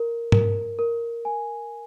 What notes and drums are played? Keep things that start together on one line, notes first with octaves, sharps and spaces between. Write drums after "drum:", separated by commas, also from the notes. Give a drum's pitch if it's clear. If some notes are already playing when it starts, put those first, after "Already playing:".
Already playing: A#4
A#4, drum: tom G#2
A#4
G#5